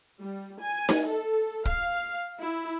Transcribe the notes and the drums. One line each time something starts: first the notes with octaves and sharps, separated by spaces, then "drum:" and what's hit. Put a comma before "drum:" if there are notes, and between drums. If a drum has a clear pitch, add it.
G3
G#5
drum: snare D#4
A4
F5, drum: kick
E4